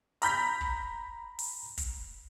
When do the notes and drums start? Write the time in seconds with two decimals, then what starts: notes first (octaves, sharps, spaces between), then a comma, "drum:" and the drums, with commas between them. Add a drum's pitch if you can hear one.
0.22 A#5 B5 G6 B6, drum: hi-hat
0.61 drum: kick
1.39 drum: open hi-hat
1.78 drum: kick, hi-hat